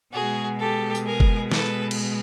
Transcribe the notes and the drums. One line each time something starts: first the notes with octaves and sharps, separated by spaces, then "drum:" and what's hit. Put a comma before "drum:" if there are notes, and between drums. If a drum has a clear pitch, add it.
B2 G#3 F#4 G#4
G4 A4
drum: tambourine
G#4 A#4
drum: kick F#1
A4 B4, drum: snare
drum: cymbal